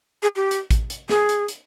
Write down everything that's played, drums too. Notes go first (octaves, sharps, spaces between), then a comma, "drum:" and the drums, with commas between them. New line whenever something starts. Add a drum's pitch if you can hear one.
G#4
G4
drum: hi-hat
drum: kick A1, hi-hat
drum: hi-hat
G#4, drum: snare
drum: hi-hat
drum: hi-hat